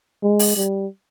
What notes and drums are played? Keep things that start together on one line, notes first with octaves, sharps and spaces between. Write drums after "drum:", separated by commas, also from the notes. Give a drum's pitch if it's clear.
G#3
drum: open hi-hat
G3